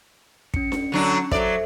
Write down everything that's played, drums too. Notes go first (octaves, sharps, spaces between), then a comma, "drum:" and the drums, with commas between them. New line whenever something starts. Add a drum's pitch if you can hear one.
C#4 C#7, drum: kick
drum: snare D4
D3 F#3 D4
F#3 A4 C5 D5 E5, drum: kick